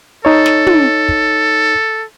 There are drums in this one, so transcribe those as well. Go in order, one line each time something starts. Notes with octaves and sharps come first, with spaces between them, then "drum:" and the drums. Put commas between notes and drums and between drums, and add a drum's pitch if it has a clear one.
D#4 A4 C#5
drum: snare
drum: tom
drum: kick